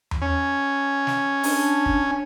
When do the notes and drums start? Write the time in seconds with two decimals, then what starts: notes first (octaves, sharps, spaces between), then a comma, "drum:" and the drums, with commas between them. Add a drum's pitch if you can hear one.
0.11 drum: tom E2
0.22 C#4
1.07 drum: snare
1.43 D4, drum: open hi-hat
1.86 drum: kick